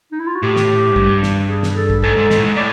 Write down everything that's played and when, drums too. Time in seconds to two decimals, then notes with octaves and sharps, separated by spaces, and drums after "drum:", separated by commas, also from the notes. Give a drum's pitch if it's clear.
0.12 D#4
0.20 E4
0.27 F4
0.35 F#4
0.43 A2 G4
0.56 drum: snare
0.91 G#2
0.96 G2, drum: kick
1.23 drum: snare
1.49 G#4
1.63 drum: snare
1.77 A4
1.90 drum: kick
2.03 G#2 A4, drum: kick
2.17 G#2
2.30 G#2, drum: snare
2.36 A2
2.43 G#2
2.56 A2 D5